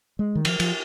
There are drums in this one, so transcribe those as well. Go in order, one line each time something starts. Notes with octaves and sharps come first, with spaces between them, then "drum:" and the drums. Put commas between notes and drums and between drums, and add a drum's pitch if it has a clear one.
G#3
D#3
F3, drum: cymbal
F3, drum: cymbal